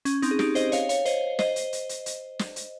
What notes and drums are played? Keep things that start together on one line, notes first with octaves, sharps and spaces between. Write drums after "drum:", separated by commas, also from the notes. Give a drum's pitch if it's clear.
C#4, drum: hi-hat
C4 D#4, drum: hi-hat
G#4
D#4 G4, drum: snare
C5 D#5, drum: hi-hat
C#5 F5, drum: hi-hat
C#5 F5, drum: hi-hat
C5 D#5, drum: hi-hat
C5 D#5, drum: snare
drum: hi-hat
drum: hi-hat
drum: hi-hat
drum: hi-hat
drum: snare
drum: hi-hat